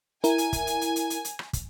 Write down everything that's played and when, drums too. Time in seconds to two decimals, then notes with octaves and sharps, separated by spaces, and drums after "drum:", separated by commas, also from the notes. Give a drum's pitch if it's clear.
0.24 E4 A#4 G#5, drum: hi-hat
0.38 drum: hi-hat
0.53 drum: kick, hi-hat
0.67 drum: hi-hat
0.81 drum: hi-hat
0.96 drum: hi-hat
1.10 drum: hi-hat
1.25 drum: hi-hat
1.39 drum: rim click
1.53 drum: kick, hi-hat